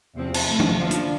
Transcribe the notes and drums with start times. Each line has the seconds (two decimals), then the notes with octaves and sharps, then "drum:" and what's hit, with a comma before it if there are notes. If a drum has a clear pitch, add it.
0.16 E2 C3 F3 C4
0.34 drum: cymbal
0.47 A2 F3 A3
0.60 drum: tom F3
0.77 D3 F3 A#3 D4 F4
0.91 drum: hi-hat